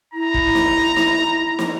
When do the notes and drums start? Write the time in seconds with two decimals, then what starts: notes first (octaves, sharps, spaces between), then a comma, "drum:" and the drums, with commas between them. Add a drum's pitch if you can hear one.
0.13 E4 A#5
0.34 drum: kick
0.55 drum: snare
0.96 drum: snare
1.59 drum: snare